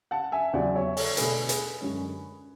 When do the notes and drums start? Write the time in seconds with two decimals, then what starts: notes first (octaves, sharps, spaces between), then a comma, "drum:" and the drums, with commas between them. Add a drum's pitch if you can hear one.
0.11 F#5 A5
0.32 E5 G#5
0.53 E2 C#3 F#3 D5 F#5
0.75 C#5 E5
0.97 A4 C#5, drum: open hi-hat
1.17 B2 A3 D4 G#4 B4, drum: hi-hat
1.49 G#4 B4, drum: hi-hat
1.81 F#2 D3 G#3 C#4